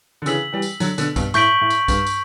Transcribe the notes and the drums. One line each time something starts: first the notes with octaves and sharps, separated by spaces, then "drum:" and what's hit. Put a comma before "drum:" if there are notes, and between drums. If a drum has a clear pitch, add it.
D3
C#3 E3 E6 B6 F#7, drum: tambourine
E3 G3
drum: tambourine
D3 F#3, drum: tambourine
B2 D3, drum: tambourine
G2 B2, drum: kick B1, tambourine
A2 C#6 G6 B6 D7 F#7, drum: tambourine
A2
drum: tambourine
G2, drum: kick B1, tambourine
drum: tambourine